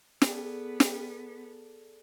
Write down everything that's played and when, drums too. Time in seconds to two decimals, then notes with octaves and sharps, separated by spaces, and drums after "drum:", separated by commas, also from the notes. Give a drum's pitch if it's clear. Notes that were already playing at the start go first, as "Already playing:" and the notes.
0.22 B3 G#4 A4 D5, drum: snare
0.80 drum: snare